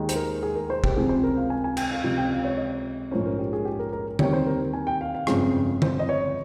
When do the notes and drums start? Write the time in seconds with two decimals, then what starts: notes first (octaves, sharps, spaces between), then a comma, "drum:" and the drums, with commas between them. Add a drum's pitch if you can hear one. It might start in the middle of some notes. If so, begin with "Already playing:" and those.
Already playing: D#2 D#3 G#3 D#4
0.09 C5, drum: hi-hat
0.16 A#4
0.43 G#4
0.55 A#4
0.70 C5
0.84 G4, drum: kick
0.96 C#2 C3 F3 C4 G#4
1.09 C5
1.24 A#4
1.37 F5
1.50 G#5
1.64 G#5
1.77 G5, drum: cymbal
1.91 F5
2.04 C#2 C3 F3 C4 F5
2.18 G5
2.31 F5
2.45 C#5
2.58 D#5
3.11 A#1 G#2 F3 A#3 C#4 C5
3.26 A#4
3.39 G4
3.53 G#4
3.65 G4
3.79 A#4
3.93 A#4
4.19 D#2 D#3 G3 C4 C#5, drum: tom
4.33 C5
4.46 A#4
4.73 G#5
4.87 G5
5.01 F5
5.15 F5
5.27 G1 F2 C#3 G#3 C4, drum: rim click
5.82 C5, drum: tom
5.99 D#5
6.09 C#5